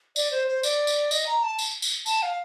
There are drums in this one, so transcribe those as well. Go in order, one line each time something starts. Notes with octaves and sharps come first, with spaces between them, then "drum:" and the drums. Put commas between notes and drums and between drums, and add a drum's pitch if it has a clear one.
D5, drum: tambourine
C5
C5
D5, drum: tambourine
drum: tambourine
D#5, drum: tambourine
A#5
A5
drum: tambourine
drum: tambourine
A5, drum: tambourine
F5